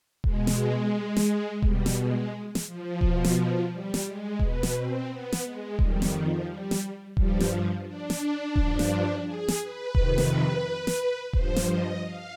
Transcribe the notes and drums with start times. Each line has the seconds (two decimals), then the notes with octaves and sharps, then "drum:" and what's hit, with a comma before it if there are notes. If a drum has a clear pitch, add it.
0.24 B2 G#3, drum: kick D#1
0.47 drum: snare
1.17 drum: snare
1.62 B2 G3, drum: kick D#1
1.86 drum: snare
1.98 G#3
2.55 drum: snare
2.66 F3
3.01 B2, drum: kick D#1
3.24 drum: snare
3.70 G3
3.94 drum: snare
4.06 G#3
4.39 B2 B3, drum: kick D#1
4.63 drum: snare
4.75 C4
5.09 B3
5.32 drum: snare
5.44 G#3
5.79 F2 D#3 G3, drum: kick D#1
6.02 drum: snare
6.13 F3
6.48 G3
6.71 drum: snare
7.17 G2 F3 G3, drum: kick D#1
7.40 drum: snare
7.87 D4
8.10 drum: snare
8.56 G2 F3, drum: kick D#1
8.79 drum: snare
9.25 G#4
9.48 drum: snare
9.61 B4
9.95 F2 C3 D#3, drum: kick D#1
10.18 drum: snare
10.87 drum: snare
11.33 G2 F3 C5, drum: kick D#1
11.56 drum: snare
11.68 D#5
12.02 F5